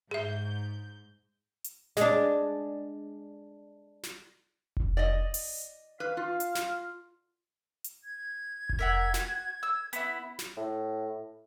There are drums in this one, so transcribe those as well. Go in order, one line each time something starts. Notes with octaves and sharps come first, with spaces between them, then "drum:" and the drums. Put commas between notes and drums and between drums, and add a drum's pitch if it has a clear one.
G#2 G#4 E5 G6
drum: hi-hat
G#3 D4, drum: snare
drum: snare
drum: kick F1
D5 D#5
drum: open hi-hat
B4 F5
F4
drum: hi-hat
drum: snare
drum: hi-hat
G#6
drum: kick F1
A#4 E5 F#5
F#4, drum: snare
E6
B3 E4, drum: hi-hat
drum: snare
A2